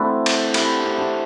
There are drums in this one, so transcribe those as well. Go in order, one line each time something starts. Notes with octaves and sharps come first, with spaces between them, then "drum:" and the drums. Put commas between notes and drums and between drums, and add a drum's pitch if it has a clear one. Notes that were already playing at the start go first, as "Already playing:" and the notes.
Already playing: A3 C4 D4 E4 F#4
drum: cymbal
E4 G4, drum: cymbal
C4 E4
D4 F#4